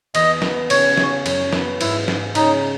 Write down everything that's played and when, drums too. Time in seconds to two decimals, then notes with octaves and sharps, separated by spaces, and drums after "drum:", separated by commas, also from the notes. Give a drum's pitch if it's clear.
0.15 E2 D#5, drum: cymbal
0.42 B3, drum: snare
0.70 C#3 C#5, drum: cymbal
0.97 G#4, drum: snare
1.26 F#2, drum: cymbal
1.53 B3, drum: snare
1.81 G#2 E4, drum: cymbal
2.08 G#2, drum: snare
2.35 C#3 D#4, drum: cymbal